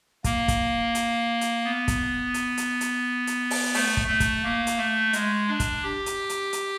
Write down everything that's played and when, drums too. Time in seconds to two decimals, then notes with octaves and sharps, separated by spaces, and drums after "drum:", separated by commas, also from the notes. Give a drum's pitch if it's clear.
0.24 A#3, drum: kick, hi-hat
0.48 drum: kick, hi-hat
0.95 drum: hi-hat
1.41 drum: hi-hat
1.64 B3
1.88 drum: kick, hi-hat
2.34 drum: hi-hat
2.57 drum: hi-hat
2.81 drum: hi-hat
3.27 drum: hi-hat
3.50 drum: open hi-hat
3.74 A3, drum: open hi-hat
3.97 drum: kick
4.08 A3
4.20 drum: kick, hi-hat
4.43 A#3
4.67 drum: hi-hat
4.78 A3
5.13 G#3, drum: hi-hat
5.47 D4
5.60 drum: kick, hi-hat
5.83 G4
6.06 drum: hi-hat
6.29 drum: hi-hat
6.53 drum: hi-hat